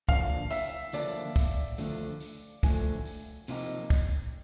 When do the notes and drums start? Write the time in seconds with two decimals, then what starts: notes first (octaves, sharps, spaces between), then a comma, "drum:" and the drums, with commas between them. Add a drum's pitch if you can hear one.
0.09 D3 F3 A#3 D4 F5, drum: kick
0.51 E5, drum: tambourine
0.93 D3 F3 A#3 D4 D5, drum: tambourine
1.36 drum: kick, tambourine
1.78 D3 F3 A3, drum: tambourine
2.21 drum: tambourine
2.63 D3 F3 A3 G#5, drum: kick, tambourine
3.05 drum: tambourine
3.48 C3 F3 A#3 D#4 G4, drum: tambourine
3.90 drum: kick, tambourine